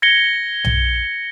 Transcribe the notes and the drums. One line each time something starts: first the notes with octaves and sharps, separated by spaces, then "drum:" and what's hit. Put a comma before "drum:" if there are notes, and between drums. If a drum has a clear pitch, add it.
G#6 A#6 C#7 G7
drum: tom B1